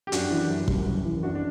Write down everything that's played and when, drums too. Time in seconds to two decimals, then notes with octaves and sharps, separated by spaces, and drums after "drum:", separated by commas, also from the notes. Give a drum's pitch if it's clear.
0.07 G4
0.12 F#2 D4 F#4, drum: hi-hat
0.31 E3
0.49 F#2
0.68 G3, drum: kick
0.87 F#2
1.05 E3
1.23 F#2 D4 F#4
1.35 D4